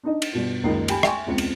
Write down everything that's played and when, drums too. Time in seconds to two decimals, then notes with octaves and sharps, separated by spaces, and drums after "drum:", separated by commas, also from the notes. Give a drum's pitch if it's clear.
0.03 D4 D#4 D#5
0.22 drum: cymbal
0.32 G2 B2 F4
0.63 F#1 C#2 D#3 D#4 A#4 C7
0.88 G4 G5 G#5 B5, drum: cymbal
1.03 E5 G5 G#5 C6 C#6, drum: rim click
1.27 E1 C#2 C4 C#7
1.38 drum: cymbal